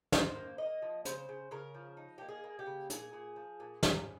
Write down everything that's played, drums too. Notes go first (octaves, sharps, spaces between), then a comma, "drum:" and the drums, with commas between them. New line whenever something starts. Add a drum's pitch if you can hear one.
D#4 C5, drum: snare
A#3
A#3 D#5
F3
C#3 C5, drum: hi-hat
C#3
C#3 A#4
F3
D#4
A#3 G4
G#4
A#3
G4
C#3
A#2 G#4, drum: hi-hat
A#2
F3
A#2
C3, drum: snare